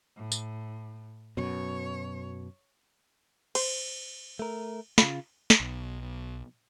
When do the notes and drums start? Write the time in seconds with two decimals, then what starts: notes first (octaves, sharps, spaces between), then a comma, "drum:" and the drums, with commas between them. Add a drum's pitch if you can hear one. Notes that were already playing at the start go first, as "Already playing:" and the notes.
0.17 A2
0.32 drum: tambourine
1.37 F#2 B2 C#5
3.55 C5, drum: cymbal
4.39 A3 A#4
4.98 C#3 F4 B5, drum: snare
5.50 drum: snare
5.60 B1